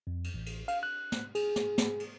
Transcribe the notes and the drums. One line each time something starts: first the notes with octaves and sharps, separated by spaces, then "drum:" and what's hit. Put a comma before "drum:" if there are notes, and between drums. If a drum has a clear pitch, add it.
F2
drum: cymbal
A1
drum: cymbal
F5, drum: cymbal
F#6
drum: snare
G#4, drum: cymbal
drum: snare
drum: snare
drum: cymbal